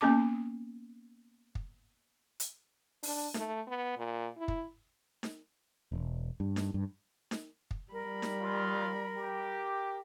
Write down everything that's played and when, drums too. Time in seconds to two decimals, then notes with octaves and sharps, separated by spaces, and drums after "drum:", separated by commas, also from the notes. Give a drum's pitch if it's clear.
0.01 A#3 B3 C#4 A5 D6
1.55 drum: kick
2.40 drum: hi-hat
3.03 D4, drum: open hi-hat
3.34 A3, drum: snare D#4
3.67 B3
3.98 A#2
4.37 E4
4.48 drum: kick
5.23 drum: snare D#4
5.92 E1
6.40 G2
6.56 drum: snare D#4
6.74 G2
7.31 drum: snare D#4
7.71 drum: kick
7.93 G3 A#4 B5
8.22 drum: snare D#4
8.42 D#2 F4
9.16 G4